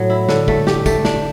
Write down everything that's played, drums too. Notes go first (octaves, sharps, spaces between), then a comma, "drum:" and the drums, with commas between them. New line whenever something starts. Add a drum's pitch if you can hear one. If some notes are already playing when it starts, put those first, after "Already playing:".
Already playing: A2 F#3
E4
D3, drum: snare
A3, drum: kick
G4, drum: snare
A3, drum: kick, tambourine
D4, drum: snare